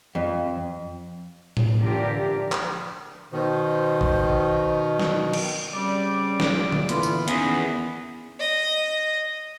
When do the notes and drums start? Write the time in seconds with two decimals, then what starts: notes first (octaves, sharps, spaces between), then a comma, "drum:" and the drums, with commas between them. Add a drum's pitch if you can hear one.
0.15 F2
1.57 drum: tom A2
1.80 D3 E3 F3 D4 G4 A#4
2.52 drum: clap
3.32 B2 D#3 C5
4.01 drum: kick
4.99 drum: snare
5.33 drum: cymbal
5.73 C#3 G3 C4 D5
6.40 drum: snare
6.72 drum: tom C#3
6.89 A#2 D3 E3 B3 F4, drum: hi-hat
7.03 drum: tambourine
7.28 E2 D#3 C#4 G#4, drum: hi-hat
8.39 D#5